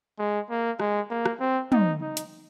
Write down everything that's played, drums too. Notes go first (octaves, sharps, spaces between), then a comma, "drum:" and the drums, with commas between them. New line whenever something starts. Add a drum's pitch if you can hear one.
G#3
A#3
G#3, drum: rim click
A#3
drum: rim click
C4
D#4, drum: tom
D#4
drum: hi-hat